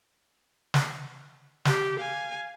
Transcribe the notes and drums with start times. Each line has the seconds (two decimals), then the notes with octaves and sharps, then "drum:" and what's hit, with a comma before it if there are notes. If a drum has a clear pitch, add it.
0.74 drum: snare
1.65 G4, drum: snare
2.00 F5 G#5